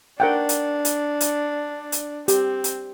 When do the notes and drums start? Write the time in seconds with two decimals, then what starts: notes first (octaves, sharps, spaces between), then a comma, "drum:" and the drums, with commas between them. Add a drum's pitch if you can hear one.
0.20 D4 A#4 F#5 G5
0.49 drum: hi-hat
0.85 drum: hi-hat
1.21 drum: hi-hat
1.92 drum: hi-hat
2.28 C4 G4, drum: hi-hat
2.64 drum: hi-hat